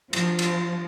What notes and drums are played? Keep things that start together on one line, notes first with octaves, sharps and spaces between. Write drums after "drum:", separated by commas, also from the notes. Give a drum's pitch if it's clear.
F3, drum: cymbal
drum: cymbal